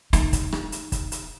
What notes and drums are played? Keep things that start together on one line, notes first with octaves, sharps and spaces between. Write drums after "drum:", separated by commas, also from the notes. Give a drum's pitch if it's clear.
D#4, drum: hi-hat
drum: kick, hi-hat
drum: rim click
drum: hi-hat
drum: kick, hi-hat
drum: hi-hat